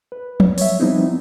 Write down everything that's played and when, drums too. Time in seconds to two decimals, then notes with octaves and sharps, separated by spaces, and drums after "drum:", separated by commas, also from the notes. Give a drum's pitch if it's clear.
0.12 B4
0.40 drum: tom F3
0.58 C#5 E5, drum: open hi-hat
0.80 F3 G3 B3 C4 D#4 E4